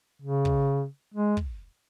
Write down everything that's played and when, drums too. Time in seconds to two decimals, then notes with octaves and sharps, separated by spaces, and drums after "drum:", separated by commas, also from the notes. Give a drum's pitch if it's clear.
0.22 C#3
0.45 drum: kick
1.14 G#3
1.37 drum: kick